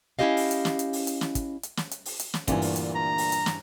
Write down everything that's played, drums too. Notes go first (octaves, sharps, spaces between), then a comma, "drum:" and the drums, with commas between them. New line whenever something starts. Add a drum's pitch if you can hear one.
C#4 E4 F4 G4 D#5 F5
drum: open hi-hat
drum: hi-hat
drum: snare
drum: hi-hat
drum: open hi-hat
drum: hi-hat
drum: snare
drum: kick, hi-hat
drum: hi-hat
drum: snare
drum: hi-hat
drum: open hi-hat
drum: hi-hat
drum: snare
D2 G2 A#2 E3 G#5, drum: kick, hi-hat
drum: open hi-hat
drum: hi-hat
A#5
drum: open hi-hat
drum: hi-hat
drum: snare